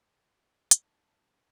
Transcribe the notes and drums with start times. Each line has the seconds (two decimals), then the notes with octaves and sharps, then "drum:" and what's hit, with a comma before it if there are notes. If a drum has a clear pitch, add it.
0.71 D#3, drum: hi-hat
0.83 D4